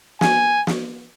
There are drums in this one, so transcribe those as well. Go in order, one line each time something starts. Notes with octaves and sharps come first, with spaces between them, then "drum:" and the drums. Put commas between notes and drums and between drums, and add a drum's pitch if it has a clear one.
G#5, drum: snare
drum: snare